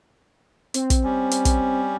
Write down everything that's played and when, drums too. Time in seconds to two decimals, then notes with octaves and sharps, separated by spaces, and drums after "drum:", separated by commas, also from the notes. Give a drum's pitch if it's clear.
0.74 C4, drum: hi-hat
0.90 drum: kick, hi-hat
1.04 G3 C#4
1.31 drum: hi-hat
1.45 drum: kick, hi-hat